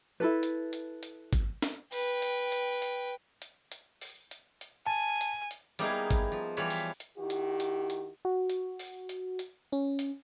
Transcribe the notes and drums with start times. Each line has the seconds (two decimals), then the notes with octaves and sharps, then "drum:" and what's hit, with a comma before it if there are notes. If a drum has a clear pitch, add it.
0.20 E4 A4 B4
0.43 drum: hi-hat
0.73 drum: hi-hat
1.03 drum: hi-hat
1.33 drum: kick G#1, hi-hat
1.62 drum: snare
1.92 B4 G5, drum: open hi-hat
2.22 drum: hi-hat
2.52 drum: hi-hat
2.82 drum: hi-hat
3.42 drum: hi-hat
3.72 drum: hi-hat
4.01 drum: open hi-hat
4.31 drum: hi-hat
4.61 drum: hi-hat
4.87 G#5 A5
5.21 drum: hi-hat
5.51 drum: hi-hat
5.79 G3 A#3 B3 D#4 E4 G#4, drum: hi-hat
6.11 drum: kick G#1, hi-hat
6.32 F3
6.57 E3 F3 G3 B4 C#5 B5
6.70 drum: open hi-hat
7.00 drum: hi-hat
7.18 D#3 E4 F#4 G4
7.30 drum: hi-hat
7.60 drum: hi-hat
7.90 drum: hi-hat
8.25 F#4
8.50 drum: hi-hat
8.79 drum: open hi-hat
9.09 drum: hi-hat
9.39 drum: hi-hat
9.72 C#4
9.99 drum: hi-hat